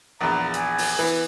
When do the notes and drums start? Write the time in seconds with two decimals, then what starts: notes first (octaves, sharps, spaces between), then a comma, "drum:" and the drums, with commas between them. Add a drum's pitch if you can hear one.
0.21 A#1 E2 A#5
0.54 G#5, drum: hi-hat
0.78 drum: open hi-hat
0.99 E3 B3